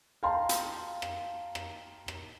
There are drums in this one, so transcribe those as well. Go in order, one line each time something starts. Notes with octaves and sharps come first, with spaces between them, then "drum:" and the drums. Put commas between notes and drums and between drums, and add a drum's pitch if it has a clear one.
F5 G5 A5 A#5 C6
drum: hi-hat
drum: rim click
drum: rim click
drum: rim click